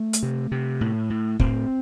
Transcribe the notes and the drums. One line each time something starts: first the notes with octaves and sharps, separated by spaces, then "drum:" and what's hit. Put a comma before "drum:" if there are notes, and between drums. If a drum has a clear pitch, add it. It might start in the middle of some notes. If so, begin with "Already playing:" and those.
Already playing: A3
drum: hi-hat
C3
C3
A2
A2
A2 C4, drum: kick